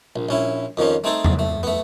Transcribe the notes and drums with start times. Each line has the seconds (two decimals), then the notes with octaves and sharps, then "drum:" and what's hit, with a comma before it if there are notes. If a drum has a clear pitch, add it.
0.16 A#1
0.29 A#1 C#4 E4
0.77 F2 D#3 F3 C#4
1.04 A3 C4 D#4 G#4 A4
1.24 drum: tom E2
1.39 A3
1.63 A3 B3